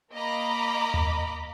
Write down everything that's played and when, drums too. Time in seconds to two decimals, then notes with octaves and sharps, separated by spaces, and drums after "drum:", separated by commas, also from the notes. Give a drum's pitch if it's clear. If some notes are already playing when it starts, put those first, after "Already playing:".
0.13 A#3 D#5 A#5 B5 D6
0.94 drum: tom D#2